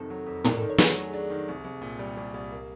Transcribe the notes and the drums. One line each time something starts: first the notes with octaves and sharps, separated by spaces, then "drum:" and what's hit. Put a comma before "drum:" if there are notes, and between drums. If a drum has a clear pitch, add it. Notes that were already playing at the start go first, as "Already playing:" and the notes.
Already playing: F2 C3 D#3 F#3 A4
F#3
F2
D4 A#4, drum: tom
D#3 A4
C#5
F#3 G#4, drum: snare
A3 G#4
D4
D#3
C2
C2
A#2
G3 G4
C2
C2
A#3